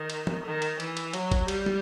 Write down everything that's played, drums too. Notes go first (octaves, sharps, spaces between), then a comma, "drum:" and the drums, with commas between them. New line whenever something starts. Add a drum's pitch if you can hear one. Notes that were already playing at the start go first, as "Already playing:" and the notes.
Already playing: D#3
drum: cymbal
drum: tom
D#3
drum: cymbal
E3, drum: cymbal
drum: cymbal
F#3, drum: cymbal
drum: kick G#1, cymbal
G3, drum: cymbal
drum: tom